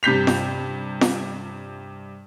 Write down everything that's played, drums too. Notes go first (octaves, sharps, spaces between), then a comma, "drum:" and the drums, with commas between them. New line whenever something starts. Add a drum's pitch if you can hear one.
G2 C3 G6 B6 F7
drum: snare
drum: snare